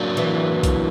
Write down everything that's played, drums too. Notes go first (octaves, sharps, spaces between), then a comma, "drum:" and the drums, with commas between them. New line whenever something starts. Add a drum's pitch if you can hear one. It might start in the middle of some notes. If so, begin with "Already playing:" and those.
Already playing: F#3 A#3 D4
E3
drum: kick B1, hi-hat